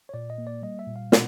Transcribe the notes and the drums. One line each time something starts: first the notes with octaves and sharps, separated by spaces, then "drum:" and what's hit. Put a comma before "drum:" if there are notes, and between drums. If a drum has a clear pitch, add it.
C#5
A#2 D5
D#5
A#3
D5
G3 D#5
E5
A#2
F5
B2 F#5, drum: snare